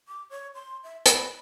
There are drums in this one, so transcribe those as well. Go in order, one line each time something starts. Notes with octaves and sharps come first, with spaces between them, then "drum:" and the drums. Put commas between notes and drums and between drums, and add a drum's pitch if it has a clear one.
D6
C#5
C6
E5
B5, drum: hi-hat